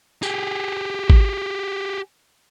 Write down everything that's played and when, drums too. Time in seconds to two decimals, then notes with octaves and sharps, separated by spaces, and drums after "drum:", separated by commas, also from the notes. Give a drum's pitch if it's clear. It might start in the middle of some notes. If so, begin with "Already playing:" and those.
0.23 G4 G#4, drum: tambourine
1.10 drum: kick G#1